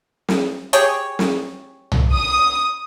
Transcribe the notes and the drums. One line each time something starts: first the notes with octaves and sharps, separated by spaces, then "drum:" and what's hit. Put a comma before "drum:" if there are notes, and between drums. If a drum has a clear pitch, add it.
drum: snare
G4 G#4 C#5, drum: hi-hat
drum: snare
drum: tom
D#6